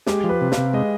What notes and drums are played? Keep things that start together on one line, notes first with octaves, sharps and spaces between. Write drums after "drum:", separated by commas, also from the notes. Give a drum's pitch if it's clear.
G#3 G4, drum: snare
F3
B4
C3
F5, drum: snare
C3
G#3 D#5